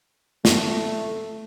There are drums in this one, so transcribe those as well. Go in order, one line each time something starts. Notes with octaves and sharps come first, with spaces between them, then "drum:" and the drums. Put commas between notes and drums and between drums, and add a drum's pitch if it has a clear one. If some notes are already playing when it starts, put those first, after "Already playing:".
A3, drum: snare